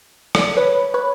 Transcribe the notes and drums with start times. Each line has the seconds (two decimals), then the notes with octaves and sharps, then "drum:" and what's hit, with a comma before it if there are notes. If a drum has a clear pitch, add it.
0.35 drum: rim click
0.57 B4 C#5
0.94 B4 C#5